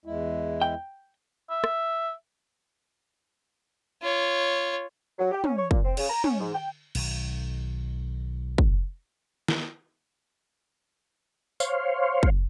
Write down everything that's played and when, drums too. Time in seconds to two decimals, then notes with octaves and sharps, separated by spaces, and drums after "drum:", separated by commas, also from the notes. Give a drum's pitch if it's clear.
0.05 E2 G#3 E4
0.62 G5
1.50 E5
1.64 drum: rim click
4.02 F4 C#5
5.19 F#3
5.31 G4
5.44 C#4, drum: tom
5.56 C#5
5.71 A#2, drum: kick
5.84 C4
5.97 C#3, drum: cymbal
6.10 A#5
6.24 C#4, drum: tom
6.40 G#2
6.54 G5
6.95 B1 D#3, drum: cymbal
8.58 drum: kick
9.48 drum: snare
11.60 C5 C#5 F5, drum: tambourine
12.23 drum: kick